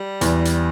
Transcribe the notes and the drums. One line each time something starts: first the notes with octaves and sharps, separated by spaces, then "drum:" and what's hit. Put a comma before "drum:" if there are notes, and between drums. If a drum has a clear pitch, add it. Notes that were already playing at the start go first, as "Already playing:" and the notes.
Already playing: G3
E2, drum: hi-hat
drum: hi-hat